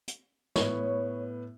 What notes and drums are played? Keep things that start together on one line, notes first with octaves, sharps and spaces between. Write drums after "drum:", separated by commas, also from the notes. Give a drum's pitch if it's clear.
drum: hi-hat
A2 B3 C#5, drum: snare